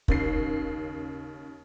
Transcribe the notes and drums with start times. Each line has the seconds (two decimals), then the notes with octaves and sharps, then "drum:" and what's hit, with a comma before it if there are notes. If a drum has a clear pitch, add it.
0.08 D#2 C#3 C7, drum: kick